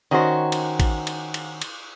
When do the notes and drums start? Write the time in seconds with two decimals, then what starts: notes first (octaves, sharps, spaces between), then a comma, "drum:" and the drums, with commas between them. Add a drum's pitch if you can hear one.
0.11 D#3 C#4 F#4 C5
0.52 drum: cymbal
0.80 drum: kick A1, cymbal
1.07 drum: cymbal
1.34 drum: cymbal
1.62 drum: cymbal